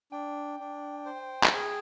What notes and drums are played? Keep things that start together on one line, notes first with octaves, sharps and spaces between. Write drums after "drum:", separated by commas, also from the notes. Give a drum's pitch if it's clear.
D4 G5
D4
C5
drum: clap
G#4